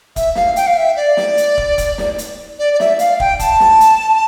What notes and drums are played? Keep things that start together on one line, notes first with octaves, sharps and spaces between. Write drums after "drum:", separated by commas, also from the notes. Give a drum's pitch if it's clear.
E5, drum: kick, hi-hat
F5, drum: snare
G5, drum: hi-hat
F5
E5
D5
drum: snare
drum: hi-hat
drum: kick
drum: kick, hi-hat
drum: snare
drum: hi-hat
D5
D5
E5, drum: snare
F5, drum: hi-hat
G5, drum: kick
A5, drum: kick, hi-hat
drum: snare
drum: hi-hat